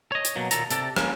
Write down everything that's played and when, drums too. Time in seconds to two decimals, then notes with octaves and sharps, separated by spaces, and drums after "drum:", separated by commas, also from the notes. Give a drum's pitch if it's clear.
0.12 C#5 D#5
0.25 drum: hi-hat
0.36 B2 F#3 A#3
0.51 D#2 A#2 A4 A#5, drum: hi-hat
0.70 C3 A4 D5, drum: hi-hat
0.96 A#3 C#4, drum: rim click